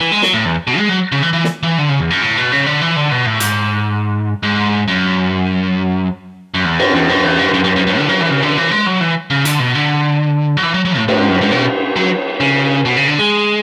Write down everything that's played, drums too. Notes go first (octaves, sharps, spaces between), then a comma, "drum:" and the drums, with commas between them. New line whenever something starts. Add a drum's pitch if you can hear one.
E3
G#3
F#3, drum: snare
A2
E2
B2
G#3
F#3
C#3
E3
E3
drum: snare
E3
D3
C#3
E2
F#2
A2
B2
C#3
D3
E3
D3
B2
A2
G#2, drum: hi-hat
G#2
F#2
F#2
E2
F#2, drum: cymbal
E2
F#2
E2
F#2
F#2
F#2
F#2
F#2
D3
F#3
E3
C#3
D3
E3
G#3
F#3
E3
C#3
D3, drum: hi-hat
B2
D3
F#3
E3
F#3
F#3
A2
A2, drum: cymbal
G#2
F#2
G#2
B2
F#3
C#3
B2
C#3
D3
G#3